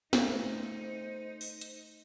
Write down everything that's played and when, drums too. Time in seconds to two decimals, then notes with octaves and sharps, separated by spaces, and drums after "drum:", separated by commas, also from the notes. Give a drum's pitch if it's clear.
0.13 C#3 A3 D#4 C5, drum: snare
1.41 drum: open hi-hat
1.61 drum: hi-hat